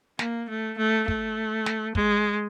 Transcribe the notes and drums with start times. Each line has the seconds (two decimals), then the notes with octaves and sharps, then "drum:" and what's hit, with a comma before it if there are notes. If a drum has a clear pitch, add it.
0.19 A#3, drum: snare
0.49 A3
0.78 A3
1.08 A3, drum: kick
1.66 drum: snare
1.95 G#3, drum: kick